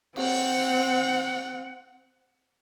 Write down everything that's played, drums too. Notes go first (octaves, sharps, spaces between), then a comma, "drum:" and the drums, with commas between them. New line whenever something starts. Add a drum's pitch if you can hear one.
C4 F#5, drum: cymbal